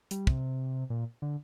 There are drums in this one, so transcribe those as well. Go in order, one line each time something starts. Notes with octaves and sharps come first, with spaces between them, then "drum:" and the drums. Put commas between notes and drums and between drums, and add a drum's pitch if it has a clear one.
G3, drum: hi-hat
C3, drum: kick
A#2
D3